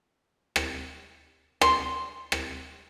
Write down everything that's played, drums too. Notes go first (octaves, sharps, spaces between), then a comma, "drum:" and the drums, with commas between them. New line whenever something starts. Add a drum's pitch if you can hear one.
drum: rim click
C6, drum: rim click
drum: rim click